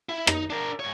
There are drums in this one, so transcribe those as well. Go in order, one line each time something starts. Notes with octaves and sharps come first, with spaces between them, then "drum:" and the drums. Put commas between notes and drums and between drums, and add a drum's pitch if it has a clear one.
E4
D#4, drum: rim click
D4 A#4
G#2 C#5